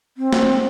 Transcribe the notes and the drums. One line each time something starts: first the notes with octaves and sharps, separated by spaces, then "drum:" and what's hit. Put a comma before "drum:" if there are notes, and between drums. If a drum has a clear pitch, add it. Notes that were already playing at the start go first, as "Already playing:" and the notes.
C4
drum: snare